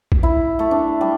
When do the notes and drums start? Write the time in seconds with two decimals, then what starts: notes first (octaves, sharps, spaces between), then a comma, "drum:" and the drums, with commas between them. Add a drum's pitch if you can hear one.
0.12 drum: kick
0.23 E4
0.59 A3
0.71 D4
1.01 G3